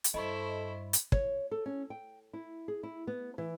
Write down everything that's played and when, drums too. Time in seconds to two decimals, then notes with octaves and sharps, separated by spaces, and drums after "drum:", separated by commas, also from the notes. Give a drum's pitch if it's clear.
0.04 drum: hi-hat
0.14 G2 E4 A4 C5 D#5 B5 C#6
0.93 drum: hi-hat
1.12 C#5, drum: kick
1.51 A4
1.66 C#4
1.90 G5
2.33 E4
2.68 G#4
2.83 E4
3.07 B3
3.38 E3